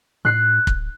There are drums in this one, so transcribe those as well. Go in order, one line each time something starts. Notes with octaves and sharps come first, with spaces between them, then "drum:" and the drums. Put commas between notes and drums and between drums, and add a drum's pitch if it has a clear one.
A2 F#6 C7
D1, drum: kick